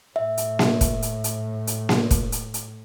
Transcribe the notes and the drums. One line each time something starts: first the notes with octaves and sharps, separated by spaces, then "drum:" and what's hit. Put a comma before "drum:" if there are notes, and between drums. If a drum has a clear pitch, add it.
A2 E5
drum: hi-hat
drum: snare A#3
drum: kick, hi-hat
drum: hi-hat
drum: hi-hat
drum: hi-hat
drum: snare A#3
drum: kick, hi-hat
drum: hi-hat
drum: hi-hat